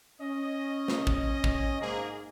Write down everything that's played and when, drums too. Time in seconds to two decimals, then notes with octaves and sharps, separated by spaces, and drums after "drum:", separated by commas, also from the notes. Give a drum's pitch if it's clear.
0.21 C#4 D#5
0.88 drum: snare
1.07 drum: kick
1.44 drum: kick
1.81 G#2 A#3 G#4